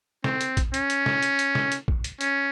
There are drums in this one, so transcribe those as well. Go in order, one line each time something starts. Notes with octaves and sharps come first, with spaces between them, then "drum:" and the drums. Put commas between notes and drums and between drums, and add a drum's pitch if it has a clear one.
C4, drum: snare
drum: hi-hat
drum: kick, hi-hat
C#4, drum: hi-hat
drum: hi-hat
drum: snare
drum: hi-hat
drum: hi-hat
drum: snare
drum: hi-hat
drum: kick
drum: hi-hat
C#4, drum: hi-hat